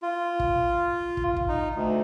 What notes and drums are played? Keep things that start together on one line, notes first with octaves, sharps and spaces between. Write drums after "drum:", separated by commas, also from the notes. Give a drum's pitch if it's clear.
F4
drum: kick
drum: kick
drum: kick
D#4
D2